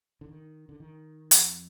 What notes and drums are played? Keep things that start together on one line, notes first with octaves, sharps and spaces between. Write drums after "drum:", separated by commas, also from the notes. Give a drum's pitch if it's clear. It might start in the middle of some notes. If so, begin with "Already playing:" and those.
D3
D#3
D3
D#3
F2, drum: hi-hat